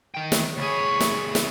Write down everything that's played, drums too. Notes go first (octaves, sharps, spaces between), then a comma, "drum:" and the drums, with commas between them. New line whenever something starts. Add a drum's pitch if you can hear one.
D#3 G5
drum: snare
D2 G#4 C#5 B5
drum: snare
drum: snare